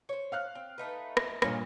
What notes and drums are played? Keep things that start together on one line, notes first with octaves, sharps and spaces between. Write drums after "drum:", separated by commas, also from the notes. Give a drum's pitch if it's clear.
C5 C#5
F5 F6 F#6
C4
A3 D#4 B4
drum: rim click
G2 A#2 A#3 C#4 D#5, drum: rim click